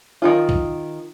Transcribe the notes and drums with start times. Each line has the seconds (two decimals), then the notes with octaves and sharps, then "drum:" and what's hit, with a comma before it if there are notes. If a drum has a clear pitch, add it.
0.22 D#3 F3 F4
0.49 drum: kick